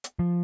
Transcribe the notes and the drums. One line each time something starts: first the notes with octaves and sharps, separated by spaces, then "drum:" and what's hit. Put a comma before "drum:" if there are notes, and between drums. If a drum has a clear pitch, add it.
drum: hi-hat
F3